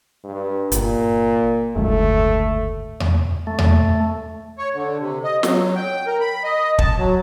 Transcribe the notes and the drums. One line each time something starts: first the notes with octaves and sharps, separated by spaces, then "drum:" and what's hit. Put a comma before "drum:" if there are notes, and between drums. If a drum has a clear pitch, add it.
G2
G1 A#2, drum: hi-hat
F#1 D2 G#2 A3
drum: tom E2
A3
drum: tom E2
C#5
D3
C3
D#5
F#3, drum: snare
G5
A#4
B5
D#5
A5, drum: kick
F#3